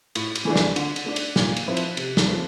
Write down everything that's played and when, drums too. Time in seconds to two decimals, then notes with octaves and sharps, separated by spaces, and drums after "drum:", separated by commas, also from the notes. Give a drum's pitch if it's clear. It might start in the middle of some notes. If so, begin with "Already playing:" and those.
0.15 A2, drum: cymbal
0.35 drum: cymbal
0.45 E3 A3 D4
0.56 drum: snare
0.76 D3, drum: cymbal
0.96 drum: cymbal
1.06 A3 D4
1.16 drum: cymbal
1.36 A#2, drum: snare
1.56 drum: cymbal
1.66 F3 C4 E4
1.77 drum: cymbal
1.97 C3, drum: cymbal
2.17 drum: snare
2.27 F3 A3 C4